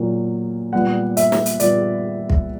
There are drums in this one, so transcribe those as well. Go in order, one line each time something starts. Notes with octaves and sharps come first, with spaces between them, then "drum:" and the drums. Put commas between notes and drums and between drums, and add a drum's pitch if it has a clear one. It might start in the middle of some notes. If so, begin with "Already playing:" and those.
Already playing: A#2 F#3 A#3
A#2 G3 B3 F#5
E5, drum: hi-hat
drum: snare
drum: hi-hat
A#2 G3 B3 D5, drum: hi-hat
drum: kick